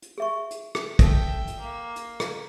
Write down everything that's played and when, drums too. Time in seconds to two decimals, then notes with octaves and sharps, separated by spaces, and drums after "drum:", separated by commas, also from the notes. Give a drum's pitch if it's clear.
0.02 drum: hi-hat
0.18 G#4 E5 C#6
0.51 drum: hi-hat
0.75 drum: rim click
0.99 A4 E5 G5 A5, drum: kick, hi-hat
1.47 drum: hi-hat
1.60 A#3
1.96 drum: hi-hat
2.20 drum: rim click